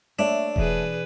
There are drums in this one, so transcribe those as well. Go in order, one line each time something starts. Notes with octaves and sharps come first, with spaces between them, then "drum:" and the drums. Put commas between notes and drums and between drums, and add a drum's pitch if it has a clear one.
A3 A#3 D4 C#5 E5
B2 E3 G#4 B4, drum: kick E1